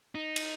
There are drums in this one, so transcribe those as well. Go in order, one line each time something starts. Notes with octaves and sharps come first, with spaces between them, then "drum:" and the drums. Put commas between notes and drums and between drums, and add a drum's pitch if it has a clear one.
D#4
drum: cymbal